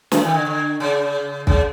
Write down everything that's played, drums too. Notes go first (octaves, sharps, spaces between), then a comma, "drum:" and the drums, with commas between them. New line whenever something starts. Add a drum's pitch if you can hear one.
E3, drum: snare
D#3
D3
D3
C#3
C#3, drum: kick